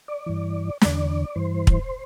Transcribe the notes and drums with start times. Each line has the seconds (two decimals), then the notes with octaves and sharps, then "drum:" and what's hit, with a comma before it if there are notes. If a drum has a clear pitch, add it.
0.08 D5
0.26 G2 E3
0.81 E2 D3 D5, drum: snare
1.35 G2 E3 C5
1.67 drum: kick